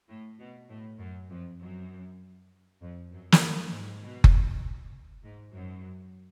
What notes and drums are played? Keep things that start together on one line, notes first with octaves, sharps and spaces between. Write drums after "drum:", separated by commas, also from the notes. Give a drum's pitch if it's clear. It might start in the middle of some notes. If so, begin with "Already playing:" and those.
A2
B2
A2
F#2
F2
F#2
F2
F#2
drum: snare
G#2
B2
drum: kick F#1
G#2
F#2